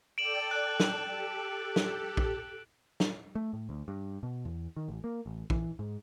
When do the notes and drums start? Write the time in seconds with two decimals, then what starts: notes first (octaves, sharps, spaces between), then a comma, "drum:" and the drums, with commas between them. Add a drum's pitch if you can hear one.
0.18 A4 D5 G5 D7 E7 F#7
0.51 F#6
0.80 drum: snare
1.02 G4 A4
1.76 drum: snare
2.17 drum: kick A#1
3.00 drum: snare
3.35 A3
3.53 A2
3.69 D2
3.88 G2
4.23 B2
4.45 E2
4.76 D#3
4.88 A1
5.04 A#3
5.26 A1
5.50 E3, drum: kick A#1
5.79 G#2